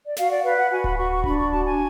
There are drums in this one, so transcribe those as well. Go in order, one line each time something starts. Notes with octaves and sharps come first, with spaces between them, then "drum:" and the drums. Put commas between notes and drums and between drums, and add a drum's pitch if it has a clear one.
D5
F#4 F5, drum: snare
D5
B4 F5
F#5
F#4 G#5
B5, drum: kick D1
F#4 C#6
C#6
D4 B5, drum: kick D1
C#6
F#4 A5
G#5